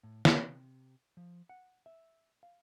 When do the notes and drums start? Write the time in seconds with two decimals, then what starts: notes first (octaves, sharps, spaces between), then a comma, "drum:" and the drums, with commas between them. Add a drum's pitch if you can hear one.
0.03 A2
0.25 C3, drum: snare
1.17 F3
1.49 F#5
1.86 E5
2.43 F5